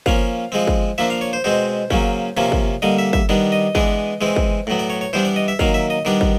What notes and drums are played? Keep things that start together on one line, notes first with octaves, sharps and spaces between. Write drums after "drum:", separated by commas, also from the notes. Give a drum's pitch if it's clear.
F3 A#3 C#4 F5, drum: kick
F3 G#3 C4
drum: kick
F3 A#3 D4 E5
F5
C#5
C5
B2 G#3 C4 C5
C#3 F#3 A#3 C#4, drum: kick
C3 F3 A#3 C#4
drum: kick
D3 G3 A#3 D#5
E5
E5, drum: kick
D#3 G3 B3 D4
D#5
E3 G#3 B3 D4, drum: kick
E3 G#3 C4
drum: kick
A2 F#3 B3
D5
C#5
C#5
E3 G3 B3 D4 C5
D5
D#5
E5
D#3 F#3 A#3 F5, drum: kick
E5
D#5
D#3 G3 B3 D4 D5
drum: kick